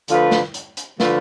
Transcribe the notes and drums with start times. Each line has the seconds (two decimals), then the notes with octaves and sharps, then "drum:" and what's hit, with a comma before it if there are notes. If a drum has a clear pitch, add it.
0.08 D3 F3 A3 F4 B4, drum: hi-hat
0.31 drum: snare
0.54 drum: hi-hat
0.77 drum: hi-hat
1.00 D3 F3 A3 F4 B4, drum: snare